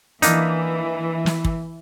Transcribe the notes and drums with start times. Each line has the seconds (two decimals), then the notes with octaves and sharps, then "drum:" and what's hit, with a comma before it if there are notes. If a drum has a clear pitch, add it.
0.22 E3 A#3 D4 D#4, drum: hi-hat
1.26 drum: snare
1.45 drum: kick